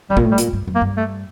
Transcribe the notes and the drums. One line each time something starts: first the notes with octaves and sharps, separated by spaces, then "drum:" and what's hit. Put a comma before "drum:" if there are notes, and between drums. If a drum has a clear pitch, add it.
F#2 G3
A#2, drum: kick
A2
G3
A#2, drum: hi-hat
G2
F#2
A#3
G2
A3